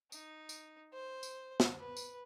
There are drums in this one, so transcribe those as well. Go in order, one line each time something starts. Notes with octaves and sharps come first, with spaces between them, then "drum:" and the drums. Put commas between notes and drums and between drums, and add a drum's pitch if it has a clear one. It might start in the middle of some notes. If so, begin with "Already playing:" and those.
D#4, drum: tambourine
drum: tambourine
C5
drum: tambourine
drum: snare
B4
drum: tambourine